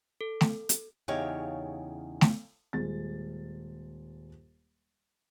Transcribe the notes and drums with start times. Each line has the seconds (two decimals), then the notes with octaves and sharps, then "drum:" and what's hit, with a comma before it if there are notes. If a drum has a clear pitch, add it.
0.21 A4
0.41 drum: snare A3
0.69 drum: hi-hat
1.08 E2 C#3 D#4 G4 C#5 F5
2.21 drum: snare A3
2.73 D#1 G#3 A6